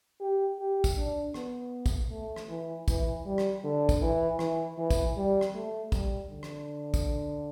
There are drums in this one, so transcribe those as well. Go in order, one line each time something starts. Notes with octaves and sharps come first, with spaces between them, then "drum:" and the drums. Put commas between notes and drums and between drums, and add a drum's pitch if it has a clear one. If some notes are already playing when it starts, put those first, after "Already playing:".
G4
G4
drum: kick, tambourine
D4
B3, drum: rim click
drum: kick, tambourine
A3
drum: rim click
E3
E3, drum: kick, tambourine
G3
drum: rim click
D3
drum: kick, tambourine
E3
E3, drum: rim click
E3
drum: kick, tambourine
G3
drum: rim click
A3
G3, drum: kick, tambourine
D3
drum: rim click
drum: kick, tambourine